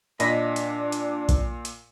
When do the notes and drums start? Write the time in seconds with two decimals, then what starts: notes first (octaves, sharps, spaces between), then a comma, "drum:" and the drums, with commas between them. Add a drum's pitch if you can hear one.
0.20 A#2 D4 D#5 B5 A#6 B6, drum: hi-hat
0.56 drum: hi-hat
0.92 drum: hi-hat
1.29 drum: kick A#1, hi-hat
1.65 drum: hi-hat